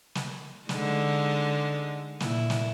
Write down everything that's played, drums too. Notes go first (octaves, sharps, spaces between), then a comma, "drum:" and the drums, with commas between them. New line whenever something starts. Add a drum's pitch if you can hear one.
drum: snare
D3 G#3 D#4, drum: snare
A#2 E4, drum: snare
drum: snare